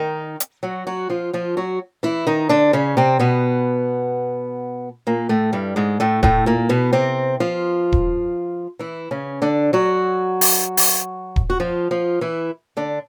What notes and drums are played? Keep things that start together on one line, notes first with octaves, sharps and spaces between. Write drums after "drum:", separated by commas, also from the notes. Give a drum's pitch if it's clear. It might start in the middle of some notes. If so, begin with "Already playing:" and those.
Already playing: D#3 D#4
drum: hi-hat
F#3 F#4
F#3 F#4
F3 F4
F3 F4
F#3 F#4
E3 E4
D#3 D#4
D3 D4
C#3 C#4
C3 C4
B2 B3
A#2 A#3
A2 A3
G2 G3
G#2 G#3
A2 A3
A2 A3, drum: kick D#1
A#2 A#3
B2 B3
C3 C4
F3 F4
drum: kick D#1
E3 E4
C#3 C#4
D3 D4
F#3 F#4
drum: open hi-hat
drum: open hi-hat
drum: kick D#1
F#4
F3 F4
F3 F4
E3 E4
D3 D4